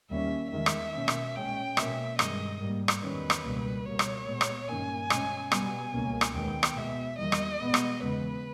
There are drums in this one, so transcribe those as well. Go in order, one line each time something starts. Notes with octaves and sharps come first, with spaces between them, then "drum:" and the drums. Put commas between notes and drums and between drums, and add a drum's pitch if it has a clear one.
D#2 D#3 G3 A#3 C#4 E5
E2 D#3 G#3 E5
drum: rim click
B2 A#3 C#4
drum: rim click
A#2 G#3 C#4 G5
B2 A#3 C#4 E5, drum: rim click
G2 D#3 G#3 D#5, drum: rim click
G#2 G3 A#3
drum: rim click
E2 D#3 G3 C#4 B4
drum: rim click
C#2 B2 G3 A#3
B2 G3 A#3 C#5
drum: rim click
A#2 G#3 B3
drum: rim click
G2 D#3 A#3 C#4 G#5
B2 G#3 C#4, drum: rim click
B2 G3 B3 G#5, drum: rim click
C#2 B2 A#3 C#4
drum: rim click
D#2 D#3 G#3 B3 G5
drum: rim click
B2 G#3 B3 E5
E2 D#3 G3 A#3 D#5
drum: rim click
B2 G#3 B3
drum: rim click
E2 C#3 G#3 B3 B4